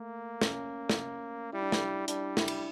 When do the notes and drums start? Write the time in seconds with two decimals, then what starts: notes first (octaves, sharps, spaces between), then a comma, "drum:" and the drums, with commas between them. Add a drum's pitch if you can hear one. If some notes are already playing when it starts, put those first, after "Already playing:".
Already playing: A3 A#3
0.41 C#4, drum: snare
0.90 drum: snare
1.53 G3 E4
1.63 D4
1.72 E4, drum: snare
2.08 G3 D4, drum: hi-hat
2.37 E4, drum: snare
2.48 drum: cymbal